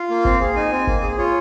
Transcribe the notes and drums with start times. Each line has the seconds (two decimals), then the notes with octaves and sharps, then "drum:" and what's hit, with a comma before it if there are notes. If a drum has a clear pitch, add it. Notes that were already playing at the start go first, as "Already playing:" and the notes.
Already playing: F4 F5
0.10 A#3
0.25 C4, drum: kick G1
0.40 G#4
0.56 D#4 G#5
0.72 C4
0.87 A#3, drum: kick G1
1.03 G#4
1.18 F4 C#5